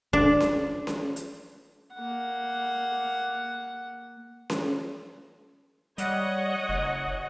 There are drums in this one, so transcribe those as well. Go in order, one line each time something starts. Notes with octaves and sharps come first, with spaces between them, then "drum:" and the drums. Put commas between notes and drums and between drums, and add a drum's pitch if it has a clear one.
D4, drum: kick
drum: snare C#4
drum: snare C#4
drum: hi-hat
A#3 F#5
drum: snare C#4
G3 C#5 D#5 F#5, drum: hi-hat
F#1